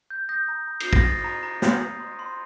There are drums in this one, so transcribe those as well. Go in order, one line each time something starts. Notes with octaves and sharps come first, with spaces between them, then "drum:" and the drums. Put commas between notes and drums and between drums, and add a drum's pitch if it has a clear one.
G6
D#6 G6 A#6
A#5
A#5
C7, drum: cymbal
G6
A#6, drum: kick
D#6 A6
A#5
A#5
G6, drum: snare
D#6
C6
C6